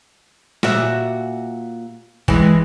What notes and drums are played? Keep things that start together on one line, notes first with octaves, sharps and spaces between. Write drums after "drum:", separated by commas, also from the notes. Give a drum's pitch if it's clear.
A#2 F#4 E5, drum: snare
E3 G#3, drum: kick A#1